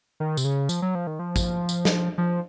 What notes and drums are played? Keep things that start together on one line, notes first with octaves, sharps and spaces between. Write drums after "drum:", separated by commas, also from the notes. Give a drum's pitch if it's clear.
D#3
C3, drum: tambourine
C#3
F3, drum: tambourine
F#3
F3
D#3
F3
drum: kick, tambourine
drum: tambourine
drum: snare
F3